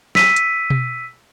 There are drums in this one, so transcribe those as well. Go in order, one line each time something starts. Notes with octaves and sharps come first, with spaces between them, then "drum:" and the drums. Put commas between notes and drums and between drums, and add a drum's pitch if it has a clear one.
E6 B6 D#7, drum: snare
drum: hi-hat
drum: tom B2